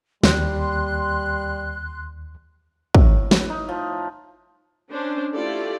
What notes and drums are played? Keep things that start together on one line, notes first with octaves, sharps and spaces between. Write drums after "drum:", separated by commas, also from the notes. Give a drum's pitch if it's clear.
D#2 G3 C6 F#6, drum: snare
A2, drum: kick
B4, drum: snare
D#4
F3
C#4 D4 C5
A3 E4 F4 G4 A4 D5